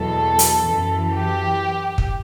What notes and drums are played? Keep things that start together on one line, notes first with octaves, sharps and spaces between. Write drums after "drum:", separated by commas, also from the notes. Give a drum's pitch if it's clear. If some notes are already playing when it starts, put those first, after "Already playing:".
Already playing: E2 B2 F#3 A4
drum: hi-hat
F#2 E3
G4
drum: kick